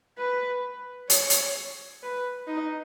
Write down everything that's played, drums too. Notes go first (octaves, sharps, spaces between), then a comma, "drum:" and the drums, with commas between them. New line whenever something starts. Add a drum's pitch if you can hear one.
B4
C#5, drum: hi-hat
drum: hi-hat
B4
D#4